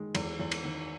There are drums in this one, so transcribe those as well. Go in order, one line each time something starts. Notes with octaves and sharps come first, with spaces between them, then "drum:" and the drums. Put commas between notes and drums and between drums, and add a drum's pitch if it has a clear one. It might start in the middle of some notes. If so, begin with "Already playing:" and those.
Already playing: D#3 G#3
E2, drum: cymbal
E2
drum: cymbal
D#3